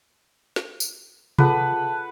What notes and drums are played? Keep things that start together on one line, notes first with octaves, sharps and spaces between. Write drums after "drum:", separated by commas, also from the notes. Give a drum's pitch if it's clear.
drum: snare
drum: tambourine
F4 G#4 A4 B4 F#5 A5, drum: tom C3